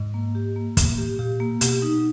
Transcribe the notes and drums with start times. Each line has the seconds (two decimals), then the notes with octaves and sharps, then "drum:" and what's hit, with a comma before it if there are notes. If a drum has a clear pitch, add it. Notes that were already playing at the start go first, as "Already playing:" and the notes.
Already playing: G#2
0.14 A#3
0.35 G4
0.56 A#3
0.77 A2 A#3, drum: kick, hi-hat
0.98 G4
1.19 A#2 G4
1.40 A#3
1.61 B2 G4, drum: hi-hat
1.82 D#4